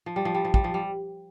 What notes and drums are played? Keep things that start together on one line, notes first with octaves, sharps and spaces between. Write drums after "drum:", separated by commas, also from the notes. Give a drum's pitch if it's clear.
F3
G3
F3
G3
F3
G3, drum: kick
F3
G3